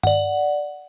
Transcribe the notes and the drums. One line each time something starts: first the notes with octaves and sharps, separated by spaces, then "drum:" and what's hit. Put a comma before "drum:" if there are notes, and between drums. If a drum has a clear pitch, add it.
D5 F#5, drum: tom G2